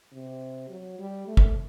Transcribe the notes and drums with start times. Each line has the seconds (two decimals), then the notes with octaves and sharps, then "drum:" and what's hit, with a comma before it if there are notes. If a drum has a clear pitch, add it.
0.12 C3
0.69 F#3
0.99 G3
1.27 A3
1.37 drum: kick